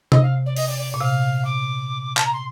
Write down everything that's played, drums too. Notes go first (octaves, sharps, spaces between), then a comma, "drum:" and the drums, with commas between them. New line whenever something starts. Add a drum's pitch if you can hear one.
C3 D#5, drum: tom C3
F5
D5
D#5, drum: open hi-hat
D5
D5
A#2
C3 F5
D6
A5, drum: clap
A#5
C6